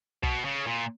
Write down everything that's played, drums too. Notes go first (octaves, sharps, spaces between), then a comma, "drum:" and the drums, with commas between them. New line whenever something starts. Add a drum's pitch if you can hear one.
B2, drum: kick
C#3
A#2